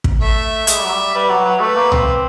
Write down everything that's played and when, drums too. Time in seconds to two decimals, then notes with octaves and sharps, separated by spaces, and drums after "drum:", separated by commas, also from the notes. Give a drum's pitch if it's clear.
0.04 drum: kick
0.21 A3 E5
0.67 G#3, drum: hi-hat
0.76 G3
0.85 F#3
0.93 G3
1.14 G3 B4
1.30 F#3
1.45 F#3
1.60 A3 B4
1.76 A#3
1.92 C4, drum: tom C2